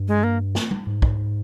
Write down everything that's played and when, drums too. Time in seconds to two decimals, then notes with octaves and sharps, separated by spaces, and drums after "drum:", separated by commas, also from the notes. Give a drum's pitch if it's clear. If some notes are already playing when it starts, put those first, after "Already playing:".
Already playing: G2
0.08 G#3
0.23 A#3
0.55 drum: snare
0.71 drum: tom G3
0.87 G#2
1.02 drum: kick